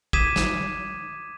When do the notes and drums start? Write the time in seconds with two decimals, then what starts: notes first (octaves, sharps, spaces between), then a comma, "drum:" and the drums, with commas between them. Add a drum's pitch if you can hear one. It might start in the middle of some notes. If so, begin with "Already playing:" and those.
0.13 D6 D#6 G#6 B6 D#7 E7, drum: kick
0.36 drum: snare